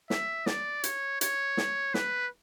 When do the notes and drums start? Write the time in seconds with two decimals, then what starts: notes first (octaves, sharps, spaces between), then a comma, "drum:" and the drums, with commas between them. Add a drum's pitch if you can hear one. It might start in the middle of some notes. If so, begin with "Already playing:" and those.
0.10 E5, drum: snare
0.46 D5, drum: snare
0.84 C#5, drum: hi-hat
1.21 C#5, drum: hi-hat
1.57 drum: snare
1.94 B4, drum: snare